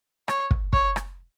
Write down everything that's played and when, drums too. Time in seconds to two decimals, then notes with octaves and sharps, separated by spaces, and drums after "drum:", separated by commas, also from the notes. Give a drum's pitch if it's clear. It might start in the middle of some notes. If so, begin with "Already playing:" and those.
0.28 C#5, drum: rim click
0.51 drum: kick
0.73 C#5, drum: kick
0.96 drum: rim click